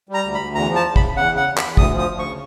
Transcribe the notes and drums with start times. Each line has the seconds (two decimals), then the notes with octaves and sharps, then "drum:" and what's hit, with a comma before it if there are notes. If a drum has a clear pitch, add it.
0.09 G3
0.14 A#5
0.24 D2
0.35 D2 B5
0.55 E2 A#5
0.70 F3
0.76 A5
0.85 E2
0.96 B5, drum: kick
1.01 C#3
1.16 E2 F#5
1.32 C#3
1.37 F#5
1.47 E2
1.57 B5, drum: clap
1.63 E2
1.77 D2 D#6, drum: kick
1.93 F3
1.98 D#6
2.09 D2
2.19 C#6
2.24 C#3